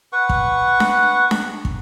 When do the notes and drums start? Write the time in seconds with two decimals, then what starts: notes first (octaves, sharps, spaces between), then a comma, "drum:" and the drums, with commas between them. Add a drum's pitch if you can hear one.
0.13 B4 F#5 C#6
0.29 drum: kick
0.80 drum: snare D4
1.31 drum: snare D4
1.65 drum: kick